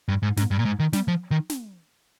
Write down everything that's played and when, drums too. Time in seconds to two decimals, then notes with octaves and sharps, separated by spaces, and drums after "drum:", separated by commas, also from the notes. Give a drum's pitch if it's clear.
0.08 G2
0.23 G#2
0.37 G#2, drum: snare
0.51 G2
0.59 A#2
0.65 G#2
0.79 D#3
0.93 G3, drum: snare
1.08 F3
1.31 D#3
1.50 drum: snare